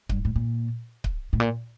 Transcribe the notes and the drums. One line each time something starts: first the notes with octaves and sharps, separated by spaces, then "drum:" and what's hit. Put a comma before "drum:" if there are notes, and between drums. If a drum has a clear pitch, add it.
G2, drum: kick C#1
A2
A#2
drum: kick C#1
A2
A#2